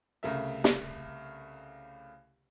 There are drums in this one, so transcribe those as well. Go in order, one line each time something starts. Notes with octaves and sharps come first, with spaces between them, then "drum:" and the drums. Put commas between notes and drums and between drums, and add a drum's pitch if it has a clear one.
C2 C#3 A3 A#4 E5
drum: snare